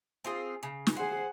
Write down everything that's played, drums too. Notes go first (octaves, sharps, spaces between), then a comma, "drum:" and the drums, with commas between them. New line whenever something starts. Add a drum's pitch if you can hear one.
C4 F4 G#4
C#3
drum: snare
G#4 C5 F#5